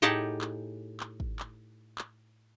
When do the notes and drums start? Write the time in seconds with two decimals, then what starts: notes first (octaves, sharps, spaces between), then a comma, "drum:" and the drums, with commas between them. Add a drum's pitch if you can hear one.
0.02 A2 D#4 G4 G#4 F#5 A5
0.41 drum: clap
1.00 drum: clap
1.20 drum: kick
1.39 drum: clap
1.98 drum: clap